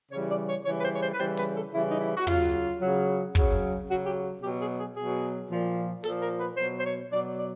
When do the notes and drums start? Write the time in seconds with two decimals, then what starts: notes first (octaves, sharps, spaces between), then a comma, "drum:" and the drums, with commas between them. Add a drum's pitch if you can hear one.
0.12 C#3 E3 G3 C#5
0.30 D5
0.48 C#5
0.65 C#3 E3 G3 C#5
0.80 B4
0.84 C5
0.95 C#5
1.02 C5
1.12 B4
1.19 C#3 E3 G3 C5
1.37 B4, drum: hi-hat
1.55 A4
1.73 C#3 E3 G3 E4
1.90 D#4
2.00 E4
2.17 F#4
2.27 C#3 F#3 F4, drum: tom
2.81 C#3 F#3
3.35 C#3 F#3, drum: kick
3.89 C#3 F#3 F#4
4.06 G4
4.42 B2 F#3 G4
4.61 G#4
4.78 G#4
4.96 B2 F#3 G#4
5.50 A#2 F3
6.04 A#2 F3 A4, drum: hi-hat
6.22 A#4
6.39 B4
6.57 B2 F#3 C5
6.79 C5
6.84 C#5
7.11 B2 F#3 D5
7.38 D5